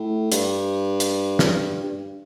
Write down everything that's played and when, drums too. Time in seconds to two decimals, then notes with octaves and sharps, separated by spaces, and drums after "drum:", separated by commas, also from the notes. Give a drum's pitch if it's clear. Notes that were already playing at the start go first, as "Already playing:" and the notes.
Already playing: A2
0.32 G2, drum: hi-hat
1.00 drum: hi-hat
1.39 drum: snare
1.83 G2